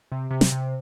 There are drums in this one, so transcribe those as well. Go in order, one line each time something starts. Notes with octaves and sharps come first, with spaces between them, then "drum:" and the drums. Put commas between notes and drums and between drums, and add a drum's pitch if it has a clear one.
C3
C3
drum: snare
C3